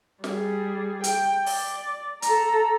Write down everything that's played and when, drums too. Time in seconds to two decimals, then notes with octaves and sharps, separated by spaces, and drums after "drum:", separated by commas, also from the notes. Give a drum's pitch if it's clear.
0.24 G3 G#4, drum: snare
1.04 G5, drum: hi-hat
1.46 D5, drum: open hi-hat
2.22 A4 A#5, drum: hi-hat